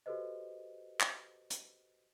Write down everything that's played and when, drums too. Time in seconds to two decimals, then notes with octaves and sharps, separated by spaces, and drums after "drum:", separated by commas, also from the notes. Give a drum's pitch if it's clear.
0.06 F#4 G4 A4 B4 C5 D#5
1.00 drum: clap
1.50 drum: hi-hat